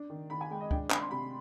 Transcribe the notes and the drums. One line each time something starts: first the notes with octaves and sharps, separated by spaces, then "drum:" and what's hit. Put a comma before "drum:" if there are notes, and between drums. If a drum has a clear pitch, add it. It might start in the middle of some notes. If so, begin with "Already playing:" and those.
Already playing: D4
D#3
D#3 B5
G#5
G#3 G5
D#5
D4 G5, drum: kick C#2
D4 B5, drum: clap
C6
C3 B5